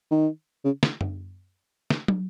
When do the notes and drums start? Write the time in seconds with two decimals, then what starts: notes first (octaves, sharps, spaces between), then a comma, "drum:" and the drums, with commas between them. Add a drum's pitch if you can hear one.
0.11 D#3
0.65 C#3
0.83 drum: snare
1.01 drum: tom F#2
1.90 drum: snare
2.08 drum: tom